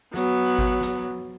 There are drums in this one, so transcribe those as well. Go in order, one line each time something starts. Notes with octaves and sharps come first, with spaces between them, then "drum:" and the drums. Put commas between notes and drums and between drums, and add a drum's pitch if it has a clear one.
F#3 B3, drum: snare
drum: kick G#1
drum: snare